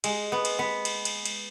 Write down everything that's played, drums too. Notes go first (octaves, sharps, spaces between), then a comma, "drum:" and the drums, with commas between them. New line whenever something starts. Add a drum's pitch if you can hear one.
G#3, drum: cymbal
B3
drum: cymbal
B3
drum: cymbal
drum: cymbal
drum: cymbal